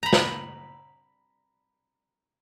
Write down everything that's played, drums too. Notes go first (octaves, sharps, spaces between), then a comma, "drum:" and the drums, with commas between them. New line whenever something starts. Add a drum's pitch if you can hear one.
A#5 B5
drum: snare